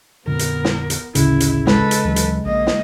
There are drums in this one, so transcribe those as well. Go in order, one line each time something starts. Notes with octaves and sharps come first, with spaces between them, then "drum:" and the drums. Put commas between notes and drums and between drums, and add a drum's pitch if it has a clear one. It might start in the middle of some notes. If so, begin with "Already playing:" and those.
F2 A#2 D3 B3 A#4
drum: hi-hat
drum: snare
drum: hi-hat
D1 A1 D2 C#3 E4, drum: hi-hat
drum: hi-hat
G#3 A4 B4, drum: snare
drum: hi-hat
D2 E3 F#3
drum: hi-hat
A#1 A#3 D#5
drum: snare